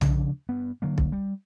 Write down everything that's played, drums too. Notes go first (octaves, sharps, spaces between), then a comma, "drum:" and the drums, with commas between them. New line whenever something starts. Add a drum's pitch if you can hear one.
D2 C#3 F3 D4, drum: tom
G2 B3
D3 F#3 A#3
drum: kick B1
G3